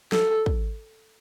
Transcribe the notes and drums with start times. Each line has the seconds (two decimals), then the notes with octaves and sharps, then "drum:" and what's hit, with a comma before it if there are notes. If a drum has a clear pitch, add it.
0.12 A4, drum: snare
0.46 drum: kick